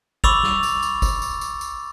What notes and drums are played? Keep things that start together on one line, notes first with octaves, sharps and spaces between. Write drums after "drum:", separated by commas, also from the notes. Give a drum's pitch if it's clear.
B5 C#6 D6 E6 A6 F7, drum: kick
drum: snare
drum: tambourine
drum: tambourine
drum: kick, tambourine
drum: tambourine
drum: tambourine
drum: tambourine